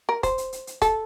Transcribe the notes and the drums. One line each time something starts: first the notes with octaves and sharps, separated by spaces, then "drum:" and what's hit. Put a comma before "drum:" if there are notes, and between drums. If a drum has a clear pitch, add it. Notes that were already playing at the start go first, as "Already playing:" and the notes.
A#4
C5, drum: kick, hi-hat
drum: hi-hat
drum: hi-hat
drum: hi-hat
A4, drum: kick, hi-hat